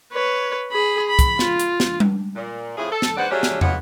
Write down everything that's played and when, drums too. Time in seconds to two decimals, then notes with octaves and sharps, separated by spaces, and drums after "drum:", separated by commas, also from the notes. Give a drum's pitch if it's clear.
0.13 B4 C#5
0.72 G#4 B5
1.09 B5
1.19 drum: kick, hi-hat
1.39 F4, drum: snare
1.60 drum: hi-hat
1.80 drum: snare
2.00 drum: tom G3
2.35 A#2
2.77 F2 A2 F3 E4 G#4
2.92 A4
3.02 drum: snare
3.17 G#2 B4 C5 D5 F#5
3.31 C#3 F#3 A3 C#4 D4 G4
3.43 drum: snare
3.61 E3 G#3 B3 F4 C#5 F#5, drum: tom